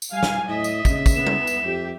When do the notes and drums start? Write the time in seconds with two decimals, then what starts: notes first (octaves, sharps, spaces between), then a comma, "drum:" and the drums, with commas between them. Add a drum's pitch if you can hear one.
0.02 drum: tambourine
0.13 G3 F5 G#5
0.23 drum: snare
0.48 A2 D#5 E5
0.64 drum: tambourine
0.85 C#3, drum: kick, tambourine
1.06 drum: kick, tambourine
1.15 B3 E7
1.27 drum: tom G3
1.47 drum: tambourine
1.65 F2 G4